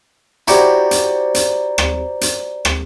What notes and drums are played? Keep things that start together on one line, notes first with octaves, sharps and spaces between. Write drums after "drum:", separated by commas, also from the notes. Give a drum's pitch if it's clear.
E4 F#4 G4 C5 D5 A#5, drum: hi-hat
drum: hi-hat
drum: hi-hat
drum: rim click
drum: hi-hat
drum: rim click